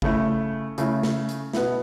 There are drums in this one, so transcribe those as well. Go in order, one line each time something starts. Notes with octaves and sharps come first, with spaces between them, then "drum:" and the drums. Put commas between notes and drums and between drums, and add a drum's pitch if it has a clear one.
C#3 A3 E4, drum: kick G1
C#3 A3 E4, drum: hi-hat
drum: snare
drum: hi-hat
B2 B3 E4, drum: snare